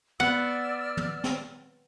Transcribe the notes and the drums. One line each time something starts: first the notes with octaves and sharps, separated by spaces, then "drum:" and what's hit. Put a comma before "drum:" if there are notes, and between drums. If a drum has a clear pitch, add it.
B3 D5 F#5 E6 F6
drum: tom
drum: snare